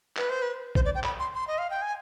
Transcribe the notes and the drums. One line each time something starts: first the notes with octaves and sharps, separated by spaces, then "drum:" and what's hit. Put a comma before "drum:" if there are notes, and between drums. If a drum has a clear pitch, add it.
B4, drum: clap
C5
B4
C5, drum: kick A1
D5
G5
B5, drum: clap
C6
C6
D#5
F5
G5
G#5